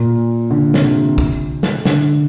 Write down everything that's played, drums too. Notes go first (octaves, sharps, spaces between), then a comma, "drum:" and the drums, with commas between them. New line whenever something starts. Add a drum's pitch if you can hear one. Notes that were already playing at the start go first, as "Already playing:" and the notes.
Already playing: A#2
D3
C3, drum: snare
D3
drum: kick
drum: snare
D3, drum: snare